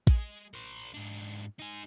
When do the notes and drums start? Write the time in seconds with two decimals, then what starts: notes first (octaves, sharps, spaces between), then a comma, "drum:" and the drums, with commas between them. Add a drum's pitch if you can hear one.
0.07 G#3, drum: kick
0.54 A#4 C5
0.94 G#2 D4
1.59 D#4 G#4